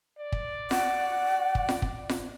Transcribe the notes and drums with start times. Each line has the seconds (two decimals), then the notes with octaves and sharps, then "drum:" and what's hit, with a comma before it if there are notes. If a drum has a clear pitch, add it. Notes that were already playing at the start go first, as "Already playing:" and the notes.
0.19 D5
0.32 drum: kick
0.71 F#5, drum: snare F4
1.55 drum: kick
1.69 drum: snare F4
1.82 drum: kick
2.09 drum: snare F4